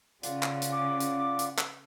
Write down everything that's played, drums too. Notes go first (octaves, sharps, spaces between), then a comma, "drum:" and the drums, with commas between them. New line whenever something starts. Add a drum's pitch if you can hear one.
C#3 F4 D5 F#5, drum: hi-hat
drum: clap
drum: hi-hat
D6
drum: hi-hat
drum: hi-hat
drum: clap